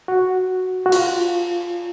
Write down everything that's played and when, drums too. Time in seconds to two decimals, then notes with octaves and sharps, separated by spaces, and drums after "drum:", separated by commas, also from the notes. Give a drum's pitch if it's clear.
0.08 F#4
0.86 F#4
0.92 F4, drum: cymbal